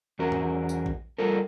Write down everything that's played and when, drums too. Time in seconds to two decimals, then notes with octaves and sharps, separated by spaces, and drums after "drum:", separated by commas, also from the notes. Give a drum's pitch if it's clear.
0.19 E2 C#4 F#4 A#4
0.32 drum: tom G#2
0.69 drum: tambourine
0.86 drum: kick A#1
1.18 G3 F4 A4 A#4